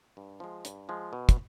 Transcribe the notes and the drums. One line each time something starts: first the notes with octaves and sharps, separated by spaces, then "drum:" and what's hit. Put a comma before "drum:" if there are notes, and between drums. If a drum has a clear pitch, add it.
G2
F3 G#3
G2, drum: hi-hat
F3 G#3
B2
drum: kick, hi-hat